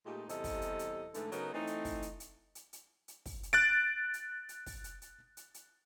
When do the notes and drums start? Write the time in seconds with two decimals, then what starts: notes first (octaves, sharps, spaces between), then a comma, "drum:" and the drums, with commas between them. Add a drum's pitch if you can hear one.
0.06 A#2 G#3 A3 D#4 G4
0.29 E2 C3 G3 A4 D#5, drum: hi-hat
0.44 drum: kick, open hi-hat
0.62 drum: hi-hat
0.79 drum: hi-hat
1.14 G#2 D3 E3 A3, drum: hi-hat
1.32 C#3 F#3 B3 D#4 A4 A#4, drum: hi-hat
1.54 E3 A3 C4 D#4
1.67 drum: hi-hat
1.85 drum: kick, open hi-hat
2.02 drum: hi-hat
2.20 drum: hi-hat
2.55 drum: hi-hat
2.73 drum: hi-hat
3.08 drum: hi-hat
3.26 drum: kick, open hi-hat
3.43 drum: hi-hat
3.53 F#6 A6 D7
4.14 drum: hi-hat
4.49 drum: hi-hat
4.66 drum: kick, open hi-hat
4.84 drum: hi-hat
5.02 drum: hi-hat
5.37 drum: hi-hat
5.54 drum: hi-hat